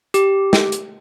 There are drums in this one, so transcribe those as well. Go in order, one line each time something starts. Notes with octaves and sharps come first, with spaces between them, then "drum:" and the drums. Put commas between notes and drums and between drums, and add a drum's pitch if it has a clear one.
G4, drum: hi-hat
drum: snare
drum: hi-hat